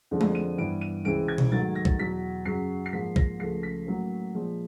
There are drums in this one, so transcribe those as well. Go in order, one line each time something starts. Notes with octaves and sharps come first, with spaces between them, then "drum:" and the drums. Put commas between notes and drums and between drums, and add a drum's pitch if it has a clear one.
F2 D3 F3 G#3
drum: tom G#3
D#7
G2 E3 G3 B3 D7
D#7
C#2 C3 E3 G#3 C4 D7
G#6
drum: tom B2
G#2 D#3 F#3 A3 A6
A#6
drum: kick
E2 B2 F#3 B6
F#2 C#3 F#3 C7
C7
G#2 F3 A#3 B6
A#6, drum: kick
C#2 C#3 F3 A3 C7
B6
A2 F#3 A#3 C#4
A#2 F3 G#3